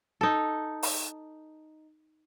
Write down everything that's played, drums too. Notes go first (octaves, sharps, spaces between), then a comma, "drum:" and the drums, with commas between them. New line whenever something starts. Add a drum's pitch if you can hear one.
D#4 A4
drum: open hi-hat